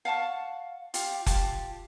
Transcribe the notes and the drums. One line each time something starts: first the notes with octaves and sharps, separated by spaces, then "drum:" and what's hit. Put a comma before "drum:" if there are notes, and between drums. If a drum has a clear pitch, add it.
F5 F#5 A5 C#6
F4 G4, drum: hi-hat
F4 G4 A5, drum: kick F1, hi-hat